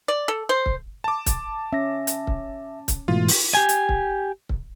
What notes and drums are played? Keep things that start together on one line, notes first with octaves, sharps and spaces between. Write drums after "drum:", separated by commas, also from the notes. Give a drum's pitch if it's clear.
D5
A4
C5
drum: kick C#1
A5 D6
drum: kick C#1, hi-hat
C#4 E5 A#6
drum: hi-hat
drum: kick C#1
drum: kick C#1, hi-hat
G#2 B2 E3 A3 F4
drum: open hi-hat
G4 G#5
drum: hi-hat
drum: kick C#1
drum: kick C#1